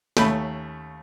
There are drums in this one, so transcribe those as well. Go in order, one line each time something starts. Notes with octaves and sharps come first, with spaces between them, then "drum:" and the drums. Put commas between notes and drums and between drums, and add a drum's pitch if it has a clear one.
D#2 A3 C#4 B5, drum: snare